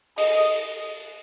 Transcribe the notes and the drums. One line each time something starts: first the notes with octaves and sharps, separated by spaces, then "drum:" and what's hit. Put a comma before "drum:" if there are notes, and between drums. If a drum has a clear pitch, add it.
D#5, drum: open hi-hat